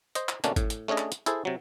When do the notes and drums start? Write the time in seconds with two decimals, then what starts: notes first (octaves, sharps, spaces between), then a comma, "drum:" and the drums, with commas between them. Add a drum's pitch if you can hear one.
0.15 C5 D#5, drum: hi-hat
0.29 drum: clap
0.44 B2 D3 A3 A#3 C#4 D4, drum: hi-hat
0.56 A2, drum: kick G#1, hi-hat
0.70 drum: hi-hat
0.88 A3 C#4 D4 G#4 D#5
0.98 drum: clap
1.12 drum: hi-hat
1.26 E4 G#4 A4 C5, drum: hi-hat
1.45 C3 F#3